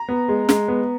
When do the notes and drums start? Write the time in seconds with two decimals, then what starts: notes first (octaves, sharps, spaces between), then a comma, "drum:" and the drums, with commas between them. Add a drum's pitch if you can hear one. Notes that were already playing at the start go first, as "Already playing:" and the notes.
Already playing: A#5
0.09 B3
0.28 G#3
0.49 G#3, drum: snare
0.68 B3